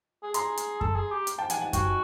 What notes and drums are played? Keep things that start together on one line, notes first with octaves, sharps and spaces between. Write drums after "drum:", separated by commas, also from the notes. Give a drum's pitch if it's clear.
G#4
G#4 A#5 C6, drum: hi-hat
drum: hi-hat
A4, drum: kick F#2
G#4
G4
drum: hi-hat
G5 A5
F#5 G#5, drum: hi-hat
F#5
F#4 G5, drum: kick F#2, hi-hat